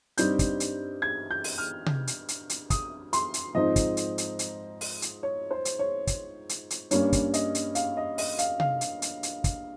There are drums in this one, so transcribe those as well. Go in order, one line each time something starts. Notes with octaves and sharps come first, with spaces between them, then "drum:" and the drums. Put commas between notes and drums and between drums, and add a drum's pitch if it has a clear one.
G2 G3 C4 D#4 G6, drum: hi-hat
drum: kick, hi-hat
drum: hi-hat
G#6
G6
drum: open hi-hat
F6
drum: tom C3
drum: hi-hat
drum: hi-hat
drum: hi-hat
D#6, drum: kick, hi-hat
C6, drum: hi-hat
drum: hi-hat
G#2 F3 C4 D#4 D#5
drum: kick, hi-hat
drum: hi-hat
drum: hi-hat
drum: hi-hat
drum: open hi-hat
drum: hi-hat
C#5
C5
drum: hi-hat
C#5
drum: kick, hi-hat
drum: hi-hat
drum: hi-hat
G2 G3 A#3 C#4 C#5, drum: hi-hat
drum: kick, hi-hat
D#5, drum: hi-hat
drum: hi-hat
F5, drum: hi-hat
D#5
D#5, drum: open hi-hat
F5, drum: hi-hat
F5, drum: tom C3
drum: hi-hat
drum: hi-hat
drum: hi-hat
drum: kick, hi-hat